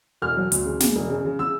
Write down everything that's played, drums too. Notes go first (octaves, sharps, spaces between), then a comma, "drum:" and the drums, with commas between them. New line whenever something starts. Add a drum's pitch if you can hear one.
E1 F6
F#3
D2, drum: hi-hat
C#3
C#3, drum: snare
E1
C#3
C#3
C#3 E6